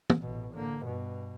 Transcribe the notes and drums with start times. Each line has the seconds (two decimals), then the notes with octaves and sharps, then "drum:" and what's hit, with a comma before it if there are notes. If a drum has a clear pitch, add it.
0.10 drum: tom
0.22 A1 B2
0.54 D3 A#3
0.83 G2 B2